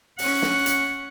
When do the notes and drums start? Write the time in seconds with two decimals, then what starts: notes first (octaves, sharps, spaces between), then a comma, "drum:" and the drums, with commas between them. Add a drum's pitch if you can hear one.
0.18 C#4 F#5, drum: open hi-hat
0.42 drum: snare
0.66 drum: hi-hat